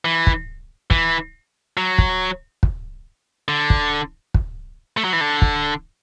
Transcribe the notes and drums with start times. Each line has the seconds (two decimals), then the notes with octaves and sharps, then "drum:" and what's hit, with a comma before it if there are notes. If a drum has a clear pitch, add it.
0.05 E3
0.27 drum: kick
0.90 E3, drum: kick
1.77 F#3
1.98 drum: kick
2.63 drum: kick
3.48 D3
3.70 drum: kick
4.34 drum: kick
4.97 A3
5.05 F#3
5.13 E3
5.21 D3
5.42 drum: kick